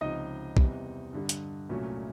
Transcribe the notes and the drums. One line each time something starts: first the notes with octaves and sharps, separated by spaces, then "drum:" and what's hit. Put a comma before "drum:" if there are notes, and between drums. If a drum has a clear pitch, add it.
C#2 C3 F3 D#4 D#5
E2 C3 E3 G3, drum: kick B1
G2 D3 G3
drum: hi-hat
C2 A#2 F#3 A3 C#4